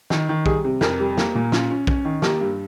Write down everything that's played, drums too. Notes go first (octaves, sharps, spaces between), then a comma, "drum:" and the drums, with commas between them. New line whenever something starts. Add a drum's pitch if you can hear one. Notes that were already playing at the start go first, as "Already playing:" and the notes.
D#3, drum: snare
D#3
G3 G#4, drum: kick
C3
F2 A#4, drum: snare
G3
A#3, drum: snare
A#2
C#4 F4, drum: snare
C#4
C#4, drum: kick
D#3
A#3 G4, drum: snare
G2